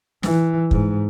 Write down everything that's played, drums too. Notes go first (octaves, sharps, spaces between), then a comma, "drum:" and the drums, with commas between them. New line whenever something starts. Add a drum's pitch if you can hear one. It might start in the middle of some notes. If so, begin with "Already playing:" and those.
E3, drum: snare
G#2, drum: kick